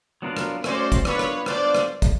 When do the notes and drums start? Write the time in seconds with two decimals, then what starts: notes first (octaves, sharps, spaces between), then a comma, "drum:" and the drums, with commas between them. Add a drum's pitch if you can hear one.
0.22 F#3 B3 D4 F4 A#4
0.37 drum: rim click
0.64 A3 C#4 F#4 C5 D5, drum: rim click
0.92 drum: kick, hi-hat
1.05 B3 D4 F4 B4 C#5, drum: rim click
1.19 drum: rim click
1.46 B3 D4 F4 C5 D5, drum: rim click
1.75 drum: rim click
2.02 drum: kick, hi-hat